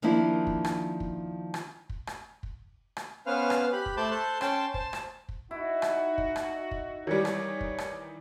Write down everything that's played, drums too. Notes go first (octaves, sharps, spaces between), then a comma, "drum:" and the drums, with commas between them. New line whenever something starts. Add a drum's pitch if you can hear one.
D#3 F3 A#3 C4 D4 E4
drum: kick
drum: rim click
drum: kick
drum: rim click
drum: kick
drum: rim click
drum: kick
drum: rim click
B3 C#4 B4 C5 F5 F6
drum: rim click
G4 B5 F#6
drum: kick
A3 C5 A5 B5 D6 G6
A4 C5 A5 F#6 G6
C#4 G5 A5 C6, drum: rim click
C5 A5, drum: kick
drum: rim click
drum: kick
D#4 E4 F#4
drum: rim click
drum: kick
drum: rim click
drum: kick
D#3 E3 G3 C#5
drum: rim click
drum: kick
drum: rim click